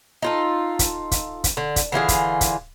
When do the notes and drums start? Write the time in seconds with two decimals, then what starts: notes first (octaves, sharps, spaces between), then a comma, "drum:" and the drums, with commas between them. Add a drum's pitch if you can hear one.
0.22 D#4 F4 A4
0.79 drum: kick, hi-hat
1.11 drum: kick, hi-hat
1.44 drum: kick, hi-hat
1.57 D3
1.76 drum: kick, hi-hat
1.92 D3 E3 F4 G#4
2.08 drum: kick, hi-hat
2.41 drum: kick, hi-hat